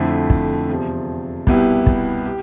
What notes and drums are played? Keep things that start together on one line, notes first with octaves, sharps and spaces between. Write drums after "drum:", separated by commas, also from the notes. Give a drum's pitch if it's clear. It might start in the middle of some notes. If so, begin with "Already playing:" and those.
Already playing: F2 D3 F3 A3 E4
drum: kick
E2 C3 F3
C2 B2 B3 E4 G4, drum: kick
drum: kick
G4